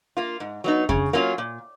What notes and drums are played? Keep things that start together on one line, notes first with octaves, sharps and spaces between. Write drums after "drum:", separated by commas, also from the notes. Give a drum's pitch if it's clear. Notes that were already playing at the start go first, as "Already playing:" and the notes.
A#3 F4
G#2
F#3 B3 D#4
C#3, drum: kick F2
F#3 A#3 C#4 F4
A#2